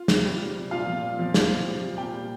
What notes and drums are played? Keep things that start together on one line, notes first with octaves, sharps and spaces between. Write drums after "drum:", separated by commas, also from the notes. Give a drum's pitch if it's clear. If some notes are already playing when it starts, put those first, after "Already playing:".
Already playing: F4
C3, drum: snare
G3
G3
C3
A#2 F4 F5
F3
A#2
F3
G3, drum: snare
C3
G3
C3
A#2 G4 G5
G3